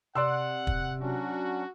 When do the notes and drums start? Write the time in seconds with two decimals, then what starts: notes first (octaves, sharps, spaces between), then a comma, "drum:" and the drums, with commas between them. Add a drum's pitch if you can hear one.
0.15 C3 D5 F#5 C6 E6
0.67 drum: kick
1.01 F#3 C#4 D4 F#4